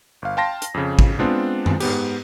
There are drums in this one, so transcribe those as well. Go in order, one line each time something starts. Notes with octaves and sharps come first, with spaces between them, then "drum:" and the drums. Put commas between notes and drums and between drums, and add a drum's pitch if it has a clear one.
G1 F5
F5 G5 A5 C6 A#6
drum: hi-hat
F2 C#3
drum: kick G#1
G#3 B3 C4 D4 F4
drum: tom F#2
G#2 B3 G4, drum: cymbal